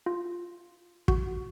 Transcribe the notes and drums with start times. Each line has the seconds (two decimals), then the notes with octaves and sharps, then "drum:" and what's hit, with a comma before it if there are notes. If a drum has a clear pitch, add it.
0.06 F4
1.08 F#4, drum: kick